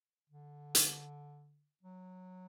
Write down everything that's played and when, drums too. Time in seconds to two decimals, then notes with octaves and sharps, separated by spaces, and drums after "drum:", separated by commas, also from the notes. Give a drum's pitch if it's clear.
0.30 D3
0.75 drum: hi-hat
1.83 F#3